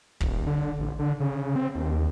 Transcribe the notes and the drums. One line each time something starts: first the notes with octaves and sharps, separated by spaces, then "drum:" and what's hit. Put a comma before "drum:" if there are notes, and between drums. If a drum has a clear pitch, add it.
D#1, drum: kick
D3
A1
D3
C#3
C4
D#2